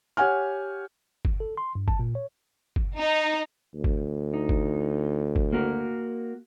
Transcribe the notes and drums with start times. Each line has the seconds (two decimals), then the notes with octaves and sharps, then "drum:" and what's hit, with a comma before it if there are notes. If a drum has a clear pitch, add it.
0.17 G4 C#5 F#5 G#5 F6
1.25 drum: kick G1
1.40 A4
1.57 C6
1.75 G2
1.88 A5, drum: kick G1
1.99 A#2
2.15 C#5
2.76 drum: kick G1
2.98 D#4
3.75 D2
3.84 drum: kick G1
4.34 D#4
4.49 drum: kick G1
5.36 drum: kick G1
5.52 A#3 F#4 A#4